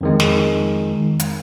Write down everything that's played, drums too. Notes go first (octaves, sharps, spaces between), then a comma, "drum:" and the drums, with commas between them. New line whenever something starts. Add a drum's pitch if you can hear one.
F2 D#3 G#3
drum: snare
drum: hi-hat